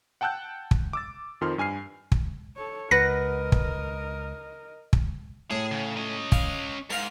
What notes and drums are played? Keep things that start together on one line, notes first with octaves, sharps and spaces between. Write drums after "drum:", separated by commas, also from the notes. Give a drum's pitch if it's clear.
F#5 G5 A5 E6 F#6 G6
drum: kick
D6 E6 A6
F2 D#3 F3 C6 F6
G2 G#5 F6 C7
drum: kick
A4 C#5
C#2 A#4 B4 D#5 F#5 A#6
drum: kick
drum: kick
A2 G#4
C#3
C#4 D#5
F5, drum: kick
G#2 A#4 F5